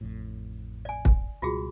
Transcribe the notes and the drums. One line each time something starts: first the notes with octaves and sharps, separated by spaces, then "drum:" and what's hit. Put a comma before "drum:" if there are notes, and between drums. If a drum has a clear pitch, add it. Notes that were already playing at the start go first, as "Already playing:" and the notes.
A1 F2 A2
D5 G#5
drum: kick
C#2 B2 G3 F4 F#4 G#4